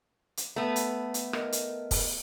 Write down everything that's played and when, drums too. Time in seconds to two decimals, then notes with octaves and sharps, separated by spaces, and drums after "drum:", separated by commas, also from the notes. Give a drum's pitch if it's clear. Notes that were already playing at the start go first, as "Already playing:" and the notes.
0.37 drum: hi-hat
0.56 A3 B3
0.76 drum: hi-hat
1.14 drum: hi-hat
1.33 A#4 D#5, drum: rim click
1.52 drum: hi-hat
1.91 drum: kick, open hi-hat